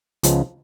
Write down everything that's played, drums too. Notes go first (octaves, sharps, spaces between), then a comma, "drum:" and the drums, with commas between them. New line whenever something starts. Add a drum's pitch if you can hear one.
C#2 C#3 F3 G#3 B3, drum: hi-hat